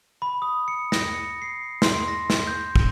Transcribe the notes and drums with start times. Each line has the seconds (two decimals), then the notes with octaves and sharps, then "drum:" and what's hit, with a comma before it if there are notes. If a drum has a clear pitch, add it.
0.22 B5
0.42 D#6
0.68 C#7
0.92 A#6, drum: snare
1.14 C#7
1.42 C7
1.82 C6, drum: snare
2.08 A#6
2.30 drum: snare
2.47 G6
2.76 drum: kick